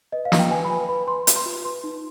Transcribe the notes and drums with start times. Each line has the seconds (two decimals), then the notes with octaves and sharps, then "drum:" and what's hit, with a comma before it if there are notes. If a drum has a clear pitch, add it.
0.12 B4 D#5
0.25 F5
0.32 F4, drum: snare
0.39 G5
0.51 B4 G#5
0.65 B5
0.70 B4 G#5
0.89 B4 B5
1.07 B4 C6
1.27 B4, drum: hi-hat
1.36 C6
1.45 F4
1.64 B4 C6
1.84 D#4